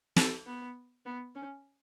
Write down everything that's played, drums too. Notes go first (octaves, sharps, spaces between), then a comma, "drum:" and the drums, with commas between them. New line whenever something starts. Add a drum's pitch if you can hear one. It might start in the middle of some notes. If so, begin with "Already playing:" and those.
A4, drum: snare
B3
B3
C#4